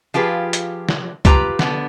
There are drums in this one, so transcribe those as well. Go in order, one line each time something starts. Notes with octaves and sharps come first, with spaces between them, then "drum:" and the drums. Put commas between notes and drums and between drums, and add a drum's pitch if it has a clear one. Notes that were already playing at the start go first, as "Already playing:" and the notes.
F3 F4 G4 G#4 B4
drum: hi-hat
drum: snare
F4 G4 B4 A#5, drum: kick C#2, hi-hat
D3 B3, drum: snare